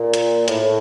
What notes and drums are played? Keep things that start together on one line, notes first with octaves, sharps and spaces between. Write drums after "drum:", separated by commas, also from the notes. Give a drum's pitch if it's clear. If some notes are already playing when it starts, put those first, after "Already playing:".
Already playing: A#2
drum: hi-hat
A2, drum: hi-hat